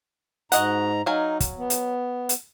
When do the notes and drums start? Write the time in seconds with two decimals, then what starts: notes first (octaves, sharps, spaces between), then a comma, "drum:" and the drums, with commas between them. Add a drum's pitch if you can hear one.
0.52 G#2 F#4 D#5 F#5 A#5, drum: hi-hat
1.06 F#3 D#4 F5 G#5
1.40 drum: kick, hi-hat
1.57 B3
1.70 drum: hi-hat
2.29 drum: hi-hat